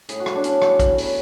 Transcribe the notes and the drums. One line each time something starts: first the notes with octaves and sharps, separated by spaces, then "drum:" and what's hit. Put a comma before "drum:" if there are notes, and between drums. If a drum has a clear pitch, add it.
A2 G#4, drum: hi-hat
F#4
F#3 B3, drum: rim click
D4
A2 C#4, drum: hi-hat
F#3 B3, drum: rim click
A2, drum: kick, hi-hat
F#3 B3, drum: open hi-hat